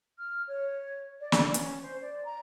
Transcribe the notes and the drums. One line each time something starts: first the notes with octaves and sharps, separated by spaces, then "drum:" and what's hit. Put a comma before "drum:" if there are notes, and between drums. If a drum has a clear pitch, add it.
F6
C#5
D5
drum: snare
C#4, drum: hi-hat
C5
D5
A#5